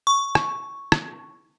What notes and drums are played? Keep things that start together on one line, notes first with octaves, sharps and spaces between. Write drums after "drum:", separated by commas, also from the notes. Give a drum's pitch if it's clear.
C#6
drum: rim click
drum: rim click